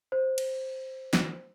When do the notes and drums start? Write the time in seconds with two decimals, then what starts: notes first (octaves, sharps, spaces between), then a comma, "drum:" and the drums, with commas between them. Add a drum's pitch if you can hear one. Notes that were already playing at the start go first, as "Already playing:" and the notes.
0.12 C5
0.38 drum: cymbal
1.13 drum: snare